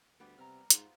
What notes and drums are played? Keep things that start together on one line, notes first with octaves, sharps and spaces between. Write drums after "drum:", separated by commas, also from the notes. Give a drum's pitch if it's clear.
D2 G3 B3 G4
C3 A#5 F6
G#2 B3 F4 C5, drum: hi-hat